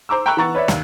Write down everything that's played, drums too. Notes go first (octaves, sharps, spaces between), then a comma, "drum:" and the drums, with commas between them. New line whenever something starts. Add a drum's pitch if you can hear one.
C5 A#5 D6 E6
G5 A#5 B5 C#6 E6 F#6
E3 B3 A#5 C#6 A6
B4 C#5 D5 E5
D#2, drum: snare